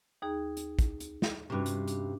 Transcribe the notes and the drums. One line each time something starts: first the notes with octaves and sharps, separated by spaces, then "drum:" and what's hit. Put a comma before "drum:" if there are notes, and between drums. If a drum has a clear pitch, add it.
D#2 D#4 G#4
drum: hi-hat
drum: kick, hi-hat
drum: hi-hat
drum: snare
G2 C3 C#4 D4 F#4
drum: hi-hat
D4, drum: hi-hat